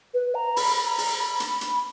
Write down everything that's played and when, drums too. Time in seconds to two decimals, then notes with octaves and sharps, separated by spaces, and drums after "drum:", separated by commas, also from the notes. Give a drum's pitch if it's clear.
0.14 B4
0.35 A#5
0.56 B5, drum: open hi-hat
0.77 B5
0.87 A#5
0.98 drum: open hi-hat
1.19 B5
1.40 drum: hi-hat
1.61 drum: hi-hat